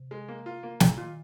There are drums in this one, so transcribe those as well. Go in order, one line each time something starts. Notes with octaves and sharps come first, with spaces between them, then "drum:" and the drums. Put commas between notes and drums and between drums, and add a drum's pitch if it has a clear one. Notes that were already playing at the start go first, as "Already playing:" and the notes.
Already playing: C3
G#3
A#3
F4
A#3
A#2, drum: snare
D#3 F4